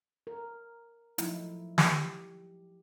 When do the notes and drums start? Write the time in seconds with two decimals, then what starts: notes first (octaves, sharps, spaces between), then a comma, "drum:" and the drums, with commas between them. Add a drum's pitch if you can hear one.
0.27 A#4
1.18 F3 F#3 A3 D#4 E4, drum: hi-hat
1.78 G4, drum: snare